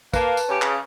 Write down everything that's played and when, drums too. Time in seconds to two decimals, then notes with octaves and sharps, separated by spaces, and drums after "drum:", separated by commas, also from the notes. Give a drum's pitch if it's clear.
0.14 A#3 B4 A5, drum: kick, tambourine
0.37 drum: tambourine
0.49 C#3 C#4 G4
0.62 C#3, drum: clap